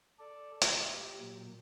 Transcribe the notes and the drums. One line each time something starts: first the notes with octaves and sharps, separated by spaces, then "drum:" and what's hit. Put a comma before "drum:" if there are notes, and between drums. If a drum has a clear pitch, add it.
A4 D5
G4, drum: hi-hat
A#2 F#3